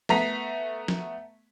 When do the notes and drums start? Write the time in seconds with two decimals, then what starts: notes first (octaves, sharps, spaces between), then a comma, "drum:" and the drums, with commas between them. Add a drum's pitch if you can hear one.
0.09 A3 B3 A#5 B6 C7, drum: snare
0.88 drum: snare